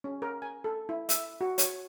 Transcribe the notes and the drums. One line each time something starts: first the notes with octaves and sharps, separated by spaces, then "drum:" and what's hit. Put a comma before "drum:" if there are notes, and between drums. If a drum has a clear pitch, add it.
C#4
A#4
G#5
A4
E4
E5, drum: hi-hat
F#4
C#5, drum: hi-hat